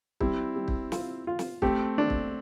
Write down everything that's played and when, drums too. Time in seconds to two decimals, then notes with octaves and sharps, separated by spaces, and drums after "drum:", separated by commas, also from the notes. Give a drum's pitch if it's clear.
0.20 G3 C4 E4, drum: kick
0.56 G3
0.68 drum: kick
0.92 F4, drum: snare
1.27 F4
1.39 drum: snare
1.62 A3 C4 G4, drum: kick
1.98 D4
2.10 drum: kick